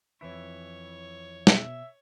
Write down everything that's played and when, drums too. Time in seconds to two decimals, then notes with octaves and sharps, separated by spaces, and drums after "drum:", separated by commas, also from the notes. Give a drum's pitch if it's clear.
0.21 F2 E3 E4 C#5
1.47 B2 E5, drum: snare